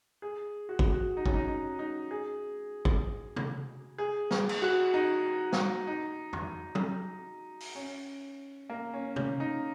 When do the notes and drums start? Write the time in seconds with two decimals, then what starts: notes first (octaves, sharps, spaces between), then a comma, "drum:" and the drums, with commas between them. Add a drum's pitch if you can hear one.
0.22 G#4
0.69 F#4
0.79 drum: kick
0.93 F#4
1.17 D#4
1.26 C#4, drum: kick
1.34 D#4
1.48 D#4
1.79 D#4
2.11 G#4
2.85 drum: kick
3.36 drum: tom
3.98 G#4
4.31 drum: snare
4.49 drum: cymbal
4.62 F#4
4.94 D#4
5.52 drum: snare
5.87 D#4
6.33 drum: tom
6.75 drum: tom F#3
7.60 drum: open hi-hat
7.75 C#4
8.70 A#3
8.93 C#4
9.16 C#4, drum: tom
9.40 D#4